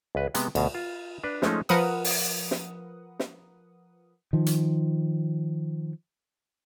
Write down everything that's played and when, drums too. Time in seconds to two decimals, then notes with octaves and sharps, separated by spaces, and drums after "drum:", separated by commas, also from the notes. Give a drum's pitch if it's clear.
0.15 C#2 B4
0.34 C3 G#3 B3, drum: hi-hat
0.55 D2 B2, drum: cymbal
0.75 F4
1.24 D4 B4
1.42 F3 G#3 A3 C#4 D#4, drum: snare
1.69 F3 A#4 B4 F#5 D#6, drum: cymbal
2.04 drum: open hi-hat
2.51 drum: snare
3.19 drum: snare
4.33 D#3 F3
4.46 drum: hi-hat